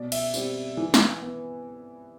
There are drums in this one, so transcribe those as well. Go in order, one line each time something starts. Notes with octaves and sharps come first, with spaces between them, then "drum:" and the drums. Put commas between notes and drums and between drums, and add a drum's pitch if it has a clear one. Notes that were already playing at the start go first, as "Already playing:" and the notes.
Already playing: B2 D5
E5, drum: cymbal
G3 C4, drum: tambourine
E3
drum: snare
B3